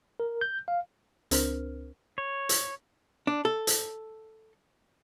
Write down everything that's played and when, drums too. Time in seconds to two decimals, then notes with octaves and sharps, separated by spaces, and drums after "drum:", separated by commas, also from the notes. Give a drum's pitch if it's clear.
0.20 A#4
0.41 G6
0.68 F5
1.31 C#2 C4 D4 A#4 C5 F6, drum: hi-hat
2.18 C#5
2.49 drum: hi-hat
3.27 D4
3.45 A4
3.67 drum: hi-hat